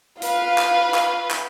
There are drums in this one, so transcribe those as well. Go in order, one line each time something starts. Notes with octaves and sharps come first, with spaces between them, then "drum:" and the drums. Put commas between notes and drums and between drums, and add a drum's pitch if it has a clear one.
F4 B4 F5, drum: hi-hat
drum: clap
drum: clap
drum: clap